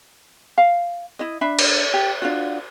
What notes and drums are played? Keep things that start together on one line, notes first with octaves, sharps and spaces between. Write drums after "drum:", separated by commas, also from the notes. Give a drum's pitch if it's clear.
F5
E4 D#5
D4 E5 B5
drum: cymbal
G4
D4 F4 F#4